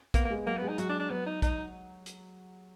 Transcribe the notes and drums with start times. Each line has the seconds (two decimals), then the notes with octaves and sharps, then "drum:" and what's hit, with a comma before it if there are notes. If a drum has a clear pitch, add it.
0.14 A#3 B3, drum: kick, hi-hat
0.25 A#3
0.30 G#3
0.46 F#3 A#3
0.57 B3
0.62 G#3
0.68 D#4
0.78 F#3 F#4, drum: hi-hat
0.89 D4
1.00 D4
1.10 F#3 B3
1.26 D#4
1.42 D#4, drum: kick, hi-hat
2.06 drum: hi-hat